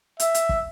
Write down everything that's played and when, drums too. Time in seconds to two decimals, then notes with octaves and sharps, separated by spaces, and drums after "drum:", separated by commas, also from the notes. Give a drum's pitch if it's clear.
0.20 E5, drum: hi-hat
0.35 drum: hi-hat
0.49 drum: kick